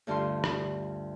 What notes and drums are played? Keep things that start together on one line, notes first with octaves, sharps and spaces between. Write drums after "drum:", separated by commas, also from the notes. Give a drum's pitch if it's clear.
D2 G2 D3 F4 C6
drum: rim click